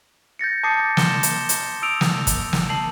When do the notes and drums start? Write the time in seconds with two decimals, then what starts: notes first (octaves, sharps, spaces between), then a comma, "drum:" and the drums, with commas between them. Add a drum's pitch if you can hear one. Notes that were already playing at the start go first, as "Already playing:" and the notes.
0.39 G6 A6 A#6 C#7
0.64 A5 D6 D#6 C7 C#7
0.97 C6 D#6 E7 G7, drum: snare
1.23 drum: hi-hat
1.49 drum: hi-hat
1.82 D#6 E6 D7 F7
2.01 drum: snare
2.27 drum: kick, hi-hat
2.53 drum: snare
2.69 A5 C7 F#7